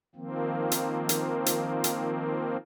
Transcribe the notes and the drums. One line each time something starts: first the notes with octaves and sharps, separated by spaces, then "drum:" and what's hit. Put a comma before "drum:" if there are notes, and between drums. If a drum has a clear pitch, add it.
D#3 F3 A#3 C4
drum: hi-hat
drum: hi-hat
drum: hi-hat
drum: hi-hat